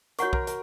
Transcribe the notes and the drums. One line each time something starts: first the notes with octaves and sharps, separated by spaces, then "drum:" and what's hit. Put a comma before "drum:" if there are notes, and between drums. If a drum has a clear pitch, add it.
F#4 A#4 C#5 F#5 C#6, drum: hi-hat
A#4, drum: kick B1
A#4, drum: hi-hat